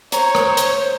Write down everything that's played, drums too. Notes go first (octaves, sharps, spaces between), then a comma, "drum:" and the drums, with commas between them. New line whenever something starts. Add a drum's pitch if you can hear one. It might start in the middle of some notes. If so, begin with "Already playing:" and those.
C5 C#5 A#5, drum: hi-hat
drum: rim click
drum: hi-hat